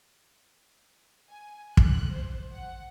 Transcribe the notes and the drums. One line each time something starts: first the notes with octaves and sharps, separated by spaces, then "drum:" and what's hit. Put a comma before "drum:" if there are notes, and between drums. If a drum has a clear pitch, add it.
G#5
F#6, drum: kick
C5
F#5